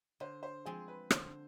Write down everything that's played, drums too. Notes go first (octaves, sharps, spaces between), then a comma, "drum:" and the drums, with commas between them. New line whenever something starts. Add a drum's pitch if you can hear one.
D3 C5
C5
F3 G#3 C4 G#4
B4
D3 C5, drum: rim click